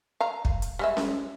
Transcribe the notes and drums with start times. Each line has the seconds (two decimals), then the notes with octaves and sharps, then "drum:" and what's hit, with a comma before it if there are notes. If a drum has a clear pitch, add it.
0.21 F5 A#5
0.45 drum: kick
0.62 drum: hi-hat
0.79 G3 G#3 E5
0.97 drum: snare C#4